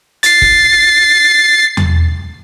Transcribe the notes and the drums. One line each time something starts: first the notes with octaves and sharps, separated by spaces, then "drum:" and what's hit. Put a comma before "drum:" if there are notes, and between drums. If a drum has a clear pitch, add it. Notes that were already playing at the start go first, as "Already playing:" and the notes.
A6 C7, drum: hi-hat
drum: kick
drum: tom E2